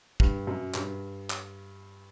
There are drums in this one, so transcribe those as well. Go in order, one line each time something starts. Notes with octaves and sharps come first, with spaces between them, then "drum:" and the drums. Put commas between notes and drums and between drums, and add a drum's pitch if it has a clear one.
G2, drum: kick
F#2
G2, drum: clap
drum: clap